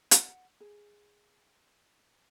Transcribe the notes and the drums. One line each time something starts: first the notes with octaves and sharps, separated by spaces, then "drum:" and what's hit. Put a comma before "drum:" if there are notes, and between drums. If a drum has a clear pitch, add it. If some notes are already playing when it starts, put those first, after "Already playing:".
F#5, drum: hi-hat
G#4